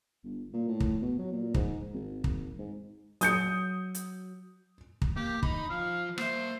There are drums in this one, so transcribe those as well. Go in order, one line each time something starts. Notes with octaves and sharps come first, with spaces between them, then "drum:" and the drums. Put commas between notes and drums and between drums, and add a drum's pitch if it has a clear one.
G1
A#2
A2
drum: kick
B2
F#3
A#2
G#2, drum: kick
G#1
drum: kick
G#2
F#3 D#6 G6 C#7, drum: hi-hat
drum: hi-hat
drum: kick
A#3 G4
D#4 B5, drum: kick
F3 F4 F5
A#3 C5 E5, drum: rim click